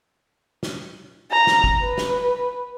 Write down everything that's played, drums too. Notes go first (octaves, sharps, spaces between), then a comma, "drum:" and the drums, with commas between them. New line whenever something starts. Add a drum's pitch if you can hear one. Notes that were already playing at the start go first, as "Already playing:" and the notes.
drum: snare
A#5
drum: snare
drum: kick
B4
drum: snare